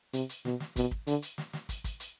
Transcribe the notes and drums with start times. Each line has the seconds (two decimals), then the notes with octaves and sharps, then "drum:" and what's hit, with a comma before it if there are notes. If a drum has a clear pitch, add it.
0.13 C3, drum: hi-hat
0.29 drum: hi-hat
0.45 B2, drum: snare
0.60 drum: snare
0.76 B2, drum: kick, hi-hat
0.91 drum: kick
1.07 D3, drum: hi-hat
1.22 drum: hi-hat
1.38 drum: snare
1.53 drum: snare
1.69 drum: kick, hi-hat
1.84 drum: kick, hi-hat
2.00 drum: hi-hat